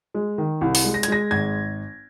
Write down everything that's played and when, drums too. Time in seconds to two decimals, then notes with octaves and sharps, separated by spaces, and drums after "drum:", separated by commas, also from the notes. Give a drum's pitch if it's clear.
0.14 G#3
0.38 D#3
0.61 C2
0.75 drum: open hi-hat
0.84 G#3
0.94 A#6
1.03 G#6, drum: hi-hat
1.08 G#3 A#6
1.31 G#1 G#6